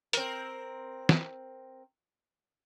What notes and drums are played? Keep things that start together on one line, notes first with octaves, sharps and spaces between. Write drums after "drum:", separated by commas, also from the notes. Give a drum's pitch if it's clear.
C4 A#4, drum: hi-hat
drum: snare